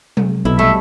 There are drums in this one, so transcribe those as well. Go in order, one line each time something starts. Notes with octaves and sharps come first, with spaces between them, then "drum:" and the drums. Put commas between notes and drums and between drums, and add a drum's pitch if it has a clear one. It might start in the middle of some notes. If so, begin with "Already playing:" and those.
C3, drum: tom F#3
B1 B3 E4 A4 E5
F#3 G3 A3 E5